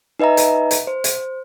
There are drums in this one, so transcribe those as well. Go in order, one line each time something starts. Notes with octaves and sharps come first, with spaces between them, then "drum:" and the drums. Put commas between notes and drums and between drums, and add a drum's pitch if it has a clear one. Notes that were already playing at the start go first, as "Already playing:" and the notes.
D#4 B4 D#5 E5 A#5
drum: hi-hat
drum: hi-hat
C5
drum: hi-hat